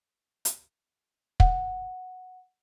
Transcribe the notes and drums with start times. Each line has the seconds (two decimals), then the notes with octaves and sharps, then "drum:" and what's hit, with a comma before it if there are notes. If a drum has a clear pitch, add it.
0.45 drum: hi-hat
1.40 F#5, drum: kick